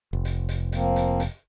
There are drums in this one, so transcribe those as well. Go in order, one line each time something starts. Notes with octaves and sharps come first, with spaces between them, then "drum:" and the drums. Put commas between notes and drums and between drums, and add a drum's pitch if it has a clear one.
F1
drum: hi-hat
drum: hi-hat
F3 A#3 C4, drum: hi-hat
drum: hi-hat
drum: hi-hat